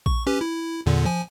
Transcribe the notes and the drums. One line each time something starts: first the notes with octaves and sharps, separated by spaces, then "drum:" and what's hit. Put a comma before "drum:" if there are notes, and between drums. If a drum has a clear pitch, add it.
C#6, drum: kick A#1
C#4 G4 B4
E4
E2 A#2 D3
F3 G#5